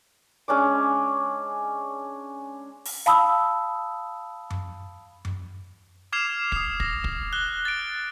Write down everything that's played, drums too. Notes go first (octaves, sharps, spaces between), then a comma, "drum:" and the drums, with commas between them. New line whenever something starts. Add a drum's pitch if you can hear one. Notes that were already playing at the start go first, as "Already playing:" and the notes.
G#3 C#4 D4 D6
drum: open hi-hat
F5 A5 B5 D#6 E6, drum: snare
drum: tom F#2
drum: tom F#2
D6 F6 G#6 C7 E7 F7
D#6 C7, drum: kick
A#6, drum: kick
drum: kick
F#6 G7
A6 D7